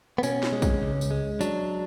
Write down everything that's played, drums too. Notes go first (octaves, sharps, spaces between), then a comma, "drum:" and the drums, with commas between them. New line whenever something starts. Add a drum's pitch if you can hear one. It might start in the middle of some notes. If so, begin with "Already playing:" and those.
B3
B2 C#4, drum: tambourine
drum: snare
G#3
drum: kick, tambourine
C#2
drum: tambourine
G#3
F#3 D4, drum: tambourine